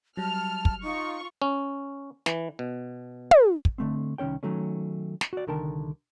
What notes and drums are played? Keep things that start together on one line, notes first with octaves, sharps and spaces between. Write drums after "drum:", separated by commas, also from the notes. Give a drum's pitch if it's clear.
F#3 G3 A5 F6
drum: kick
D#4 F4 C#6
C#4
E3, drum: snare
B2
drum: tom
drum: kick
D3 A3 C4
C2 D#3 C#4 C#5 G5
D#3 F#3 A3 C#4
drum: snare
F#4 D5
C2 D3 D#3 A#4 G5 A5